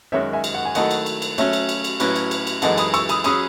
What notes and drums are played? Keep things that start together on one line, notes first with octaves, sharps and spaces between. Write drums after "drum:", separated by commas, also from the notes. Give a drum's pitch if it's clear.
F#2 D#3 G#3 C#4 F#4 C#5 E5
E5 G#5
drum: cymbal
F#5
G#5
D#3 F#3 A3 E4 A4 D#5 F#5, drum: cymbal
drum: cymbal
drum: cymbal
drum: cymbal
F#3 A3 C#4 C#5 E5, drum: cymbal
drum: cymbal
drum: cymbal
drum: cymbal
A2 F#3 C#4 E4 B4, drum: cymbal
drum: cymbal
drum: cymbal
drum: cymbal
F#2 E3 G#3 D#4 A4 D#5 F#5, drum: cymbal
B5 D#6, drum: cymbal
C#6 E6, drum: cymbal
B5 D#6, drum: cymbal
F#3 C#4 G#4 B5 D#6, drum: cymbal